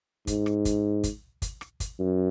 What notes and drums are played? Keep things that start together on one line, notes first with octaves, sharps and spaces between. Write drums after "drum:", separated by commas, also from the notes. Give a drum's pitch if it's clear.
G#2, drum: kick, hi-hat
drum: rim click
drum: kick, hi-hat
drum: kick, hi-hat
drum: kick, hi-hat
drum: rim click
drum: kick, hi-hat
F#2